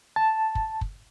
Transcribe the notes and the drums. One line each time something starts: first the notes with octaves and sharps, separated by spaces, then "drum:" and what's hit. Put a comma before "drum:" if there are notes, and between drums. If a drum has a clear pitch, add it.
A5
drum: kick
drum: kick